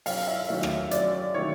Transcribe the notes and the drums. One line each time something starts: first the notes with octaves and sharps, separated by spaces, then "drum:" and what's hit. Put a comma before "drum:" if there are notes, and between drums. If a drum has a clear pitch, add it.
F#2 F5, drum: open hi-hat
E5
D#3 F#3 A3 E5
drum: rim click
F#2 D5, drum: hi-hat
D#3 F#3 A3 C#5